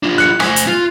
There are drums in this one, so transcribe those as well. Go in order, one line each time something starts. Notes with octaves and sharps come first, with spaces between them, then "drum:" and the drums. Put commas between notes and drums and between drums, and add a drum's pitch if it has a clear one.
D4 F4
F#6 C#7
C5 G#5, drum: rim click
drum: hi-hat
F4